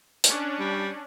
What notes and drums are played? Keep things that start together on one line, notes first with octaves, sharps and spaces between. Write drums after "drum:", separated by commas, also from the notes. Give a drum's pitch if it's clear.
C#4 D4, drum: hi-hat
G3